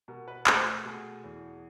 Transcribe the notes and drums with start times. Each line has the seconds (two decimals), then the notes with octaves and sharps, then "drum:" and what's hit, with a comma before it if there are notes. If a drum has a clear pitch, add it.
0.08 B2 A#4
0.28 B4
0.47 A3 C5, drum: clap
0.66 B4
0.85 B2 G#4
1.24 E2